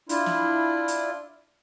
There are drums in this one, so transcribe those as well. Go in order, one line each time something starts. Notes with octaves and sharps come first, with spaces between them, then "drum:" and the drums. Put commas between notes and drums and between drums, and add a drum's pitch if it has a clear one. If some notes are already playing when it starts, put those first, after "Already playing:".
D4 E4 F4, drum: hi-hat
drum: snare
drum: hi-hat